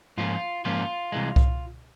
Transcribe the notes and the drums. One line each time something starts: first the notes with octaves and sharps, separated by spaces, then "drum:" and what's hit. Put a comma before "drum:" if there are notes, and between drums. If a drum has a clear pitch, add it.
G#2 F3 A#3 C#4 F4
G#2 F3 A#3 C#4 F4
C2 C3 E3 G#3
drum: kick C2